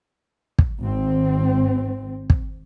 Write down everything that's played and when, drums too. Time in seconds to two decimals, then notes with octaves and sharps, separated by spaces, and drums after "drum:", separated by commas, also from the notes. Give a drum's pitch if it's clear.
0.59 drum: kick
0.80 G#1 C4
2.30 drum: kick